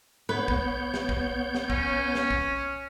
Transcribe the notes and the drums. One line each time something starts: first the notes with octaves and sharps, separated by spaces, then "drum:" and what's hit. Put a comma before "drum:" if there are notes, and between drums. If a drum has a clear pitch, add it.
B3 B4 C#5 G6
drum: kick
drum: snare
drum: kick
drum: snare
C#4, drum: kick
drum: snare
drum: kick